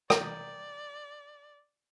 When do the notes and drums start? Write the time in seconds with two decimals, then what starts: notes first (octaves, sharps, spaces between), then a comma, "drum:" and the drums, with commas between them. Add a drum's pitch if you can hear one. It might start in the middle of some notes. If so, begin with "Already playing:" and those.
0.10 D5 G5 A#5, drum: rim click